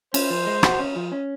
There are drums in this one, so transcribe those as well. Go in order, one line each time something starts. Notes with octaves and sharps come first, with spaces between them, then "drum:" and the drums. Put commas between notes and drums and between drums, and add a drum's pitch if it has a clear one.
C#4 C5, drum: cymbal
F3
G#3
F#4, drum: rim click
C#4
F3
C#4